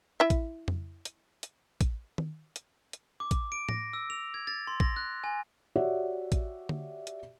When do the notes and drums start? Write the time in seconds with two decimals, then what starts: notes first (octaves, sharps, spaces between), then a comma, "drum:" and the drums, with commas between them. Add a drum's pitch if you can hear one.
0.20 E4 E5
0.30 drum: kick, hi-hat
0.68 drum: tom F2
1.05 drum: hi-hat
1.43 drum: hi-hat
1.81 drum: kick, hi-hat
2.18 drum: tom D#3
2.56 drum: hi-hat
2.93 drum: hi-hat
3.20 D6
3.31 drum: kick, hi-hat
3.52 D7
3.69 A#6, drum: tom A2
3.93 E6
4.10 F7
4.34 G#6
4.47 A6
4.67 C6
4.80 A#6, drum: kick
4.96 F#6
5.24 G#5
5.76 F#4 G4 C#5 D5 E5 F#5
6.32 drum: kick, hi-hat
6.69 drum: tom D3
7.07 drum: hi-hat